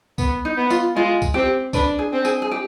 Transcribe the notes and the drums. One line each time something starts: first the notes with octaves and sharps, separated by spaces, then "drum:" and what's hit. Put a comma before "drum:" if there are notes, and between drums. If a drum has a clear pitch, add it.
B3, drum: kick, tambourine
D#4
B3
F4, drum: tambourine
G#3 F4
drum: kick, tambourine
C4 G4
D4 B4, drum: kick, tambourine
G#4
C4
G#4, drum: tambourine
G#4
G4